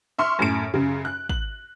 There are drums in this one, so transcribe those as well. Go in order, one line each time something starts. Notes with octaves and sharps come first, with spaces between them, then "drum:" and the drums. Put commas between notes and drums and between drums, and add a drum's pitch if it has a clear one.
E5 C6 C#6 F6
F#2 A2 D7
F#2 C#3
F#6
F#7, drum: kick